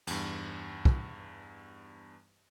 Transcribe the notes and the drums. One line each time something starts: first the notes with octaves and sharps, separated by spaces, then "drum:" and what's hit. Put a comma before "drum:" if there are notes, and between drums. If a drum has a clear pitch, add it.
E2 G2, drum: cymbal
drum: kick